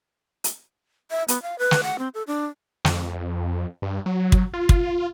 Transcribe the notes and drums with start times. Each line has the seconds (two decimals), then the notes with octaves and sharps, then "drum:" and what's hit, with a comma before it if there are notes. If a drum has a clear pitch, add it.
0.44 drum: hi-hat
1.11 E5
1.28 B3, drum: hi-hat
1.42 F5
1.59 B4
1.71 drum: snare
1.83 F#5
1.99 C4
2.14 A4
2.27 D4
2.85 F2, drum: snare
3.82 G2
4.06 F#3
4.32 drum: kick
4.54 F4
4.69 drum: kick